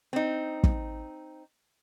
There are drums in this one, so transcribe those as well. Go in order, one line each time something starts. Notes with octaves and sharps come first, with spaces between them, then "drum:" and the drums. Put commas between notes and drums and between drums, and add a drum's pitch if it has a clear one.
C4 D#4
drum: kick